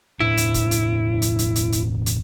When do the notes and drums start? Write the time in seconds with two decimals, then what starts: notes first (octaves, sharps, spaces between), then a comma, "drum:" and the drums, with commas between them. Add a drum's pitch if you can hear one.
0.20 E1 A2 D4 E4
0.37 drum: hi-hat
0.54 drum: kick, hi-hat
0.71 drum: hi-hat
1.22 drum: hi-hat
1.39 drum: hi-hat
1.56 drum: hi-hat
1.72 drum: hi-hat
2.06 drum: hi-hat